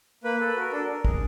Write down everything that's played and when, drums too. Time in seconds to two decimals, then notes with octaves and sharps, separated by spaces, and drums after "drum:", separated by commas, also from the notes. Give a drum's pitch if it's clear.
0.24 A#3 B4
0.40 A4
0.48 B4
0.56 F#4 A#4
0.71 D4 A4
0.84 D4 A#4
1.05 G#4, drum: kick